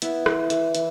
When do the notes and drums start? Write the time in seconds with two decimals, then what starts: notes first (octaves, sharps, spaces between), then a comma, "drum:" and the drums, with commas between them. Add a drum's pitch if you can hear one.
0.02 B3 E4, drum: hi-hat
0.26 E3, drum: rim click
0.50 E3, drum: hi-hat
0.75 E3, drum: hi-hat